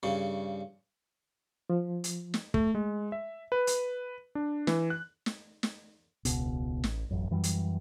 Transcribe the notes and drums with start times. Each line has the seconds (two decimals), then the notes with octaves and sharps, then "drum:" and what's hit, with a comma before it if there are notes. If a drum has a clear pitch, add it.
0.03 G2 C#3
1.70 F3
2.04 drum: hi-hat
2.34 drum: snare
2.54 A3, drum: kick
2.75 G#3
3.12 E5
3.52 B4
3.67 drum: hi-hat
4.35 D4
4.67 E3, drum: snare
4.90 F#6
5.26 drum: snare
5.63 drum: snare
6.25 E1 C#2 B2, drum: hi-hat
6.84 A1, drum: snare
7.11 D1 A1 F#2
7.31 F#2 E3 F#3 G3
7.44 drum: hi-hat